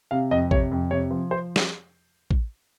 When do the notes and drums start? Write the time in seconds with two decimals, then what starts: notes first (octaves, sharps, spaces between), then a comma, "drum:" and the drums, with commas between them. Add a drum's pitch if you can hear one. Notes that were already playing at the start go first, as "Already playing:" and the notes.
0.11 C3 F5
0.31 F2 D#5
0.51 C3 C#5, drum: kick
0.71 F2
0.91 C3 C#5
1.11 F3
1.31 C5
1.56 drum: snare
2.31 drum: kick